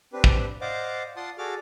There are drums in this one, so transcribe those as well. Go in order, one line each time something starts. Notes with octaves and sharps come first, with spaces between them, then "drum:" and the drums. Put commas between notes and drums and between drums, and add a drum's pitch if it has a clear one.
C4 D4 G4 B4
drum: kick
C5 D5 D#5 F5 F#5 D6
F4 D5 F#5 A5 C6 D#6
F#4 G#4 A4 D5 D6 F6